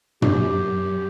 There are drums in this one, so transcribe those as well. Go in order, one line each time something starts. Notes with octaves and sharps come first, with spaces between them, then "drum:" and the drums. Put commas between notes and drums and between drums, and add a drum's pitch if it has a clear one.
F#2 G4, drum: tom